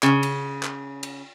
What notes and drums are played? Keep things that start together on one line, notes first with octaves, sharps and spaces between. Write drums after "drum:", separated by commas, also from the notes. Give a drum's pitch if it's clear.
C#3, drum: clap
drum: cymbal
drum: clap
drum: cymbal